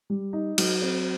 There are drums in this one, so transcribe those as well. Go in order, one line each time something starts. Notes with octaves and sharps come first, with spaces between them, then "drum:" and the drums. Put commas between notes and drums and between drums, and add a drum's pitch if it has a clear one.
G3
D#4
F#3, drum: cymbal
C4